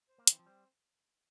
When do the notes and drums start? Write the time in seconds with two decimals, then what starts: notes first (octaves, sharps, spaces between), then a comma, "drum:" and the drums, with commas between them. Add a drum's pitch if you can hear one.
0.09 C5
0.18 A#3
0.27 E3 C4, drum: hi-hat
0.39 F3
0.46 G3 C5